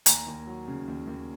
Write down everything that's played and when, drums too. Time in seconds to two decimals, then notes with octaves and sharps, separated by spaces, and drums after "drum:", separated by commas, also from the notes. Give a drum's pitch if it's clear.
0.06 D#2 G#5 A#5, drum: hi-hat
0.27 D#2
0.47 F#3
0.68 C#3
0.88 D#2
1.07 D#2